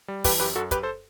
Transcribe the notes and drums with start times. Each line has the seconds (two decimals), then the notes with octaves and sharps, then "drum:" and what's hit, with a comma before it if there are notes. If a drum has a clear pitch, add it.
0.08 G3
0.24 E3 G4 B4, drum: kick, open hi-hat
0.40 F#2 G4 B4
0.56 F#2 F#4 A4
0.71 F#2 G4 B4, drum: kick, hi-hat
0.83 A4 C5